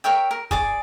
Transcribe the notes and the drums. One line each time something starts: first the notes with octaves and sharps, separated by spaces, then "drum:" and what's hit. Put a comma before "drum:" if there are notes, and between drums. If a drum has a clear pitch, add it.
A#4 C#5 E5 G5
A#4
G#4 D5 D6, drum: kick